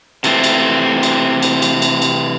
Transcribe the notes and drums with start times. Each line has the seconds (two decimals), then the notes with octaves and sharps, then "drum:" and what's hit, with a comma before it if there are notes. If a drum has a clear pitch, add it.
0.24 C3 E3 A3 C4, drum: cymbal
0.44 drum: cymbal
1.03 drum: cymbal
1.43 drum: cymbal
1.62 drum: cymbal
1.82 drum: cymbal
2.02 drum: cymbal